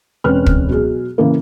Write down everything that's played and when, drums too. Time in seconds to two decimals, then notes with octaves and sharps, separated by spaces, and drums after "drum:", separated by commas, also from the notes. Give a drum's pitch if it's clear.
0.24 E1 C4 C#4 B4 F6 F#6
0.46 drum: kick
0.69 B2 F#3 G#4
1.18 C#3 E3 A#3